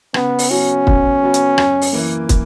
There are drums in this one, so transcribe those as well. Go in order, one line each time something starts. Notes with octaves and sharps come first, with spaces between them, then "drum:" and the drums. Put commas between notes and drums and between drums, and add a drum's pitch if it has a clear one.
C#3 B3, drum: rim click
drum: open hi-hat
F#3 B3 C#4 F#4
C#3, drum: kick
F#3 B3 F#4
drum: hi-hat
F#2, drum: rim click
drum: open hi-hat
E3 A#3
drum: kick, hi-hat